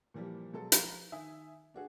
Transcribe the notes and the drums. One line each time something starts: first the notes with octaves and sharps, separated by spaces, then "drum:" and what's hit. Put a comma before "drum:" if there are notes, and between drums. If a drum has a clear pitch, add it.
A#2 E3 F3 G3
B2 F#3 G#3 A4
F3 A#5, drum: hi-hat
D#3 E5 G#5 D#6
D4 F#4 G#4